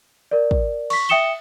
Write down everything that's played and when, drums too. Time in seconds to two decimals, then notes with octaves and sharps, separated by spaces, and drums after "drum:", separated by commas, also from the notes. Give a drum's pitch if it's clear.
0.31 A#4 D5
0.51 drum: kick
0.90 C#6 B6, drum: cymbal
1.09 E5 G5 D#6 C#7 E7 G7